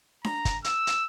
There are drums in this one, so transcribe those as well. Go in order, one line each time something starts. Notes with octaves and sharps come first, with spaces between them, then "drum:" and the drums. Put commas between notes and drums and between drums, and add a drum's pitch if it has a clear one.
A#5, drum: snare D4
drum: kick G1, hi-hat
E6, drum: hi-hat
drum: hi-hat